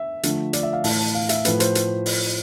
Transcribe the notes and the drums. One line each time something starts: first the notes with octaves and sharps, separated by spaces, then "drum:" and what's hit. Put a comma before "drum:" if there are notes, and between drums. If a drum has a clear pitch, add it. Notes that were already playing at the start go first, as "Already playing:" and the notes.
Already playing: E5
D3 F3 A3, drum: hi-hat
D5, drum: hi-hat
E5
F5
A2 E3 A3 A5, drum: open hi-hat
A5
F5
E5, drum: hi-hat
A2 F3 A3 B4, drum: hi-hat
C5, drum: hi-hat
drum: hi-hat
drum: open hi-hat